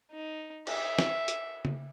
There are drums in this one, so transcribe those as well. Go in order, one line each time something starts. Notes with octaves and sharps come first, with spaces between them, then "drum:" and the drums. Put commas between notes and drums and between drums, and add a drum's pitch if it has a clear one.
D#4
E5, drum: cymbal
drum: snare
drum: hi-hat
drum: tom